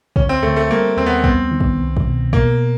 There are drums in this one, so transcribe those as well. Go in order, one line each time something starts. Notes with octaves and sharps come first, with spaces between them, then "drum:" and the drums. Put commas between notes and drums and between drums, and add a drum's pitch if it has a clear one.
D2 C#4, drum: kick
C4
D2 A3
A3
G3 A#3
D#2 C4
B3
B3 C4, drum: kick
D#3
drum: kick
C2
drum: kick
B2
B2 A#3, drum: kick